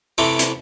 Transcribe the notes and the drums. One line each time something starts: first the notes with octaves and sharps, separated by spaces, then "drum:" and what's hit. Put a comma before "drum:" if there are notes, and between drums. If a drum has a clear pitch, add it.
C3 E3 A3 C4 G4
drum: hi-hat